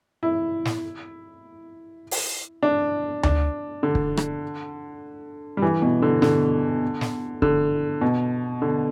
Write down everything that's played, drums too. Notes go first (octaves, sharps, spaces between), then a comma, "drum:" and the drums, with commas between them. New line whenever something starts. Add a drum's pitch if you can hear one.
E4
drum: snare
drum: open hi-hat
D4
D4, drum: tom D2
D3
drum: kick
drum: rim click
G3
E3
B2
D3
D3, drum: snare
drum: snare
D3, drum: kick
B2
D3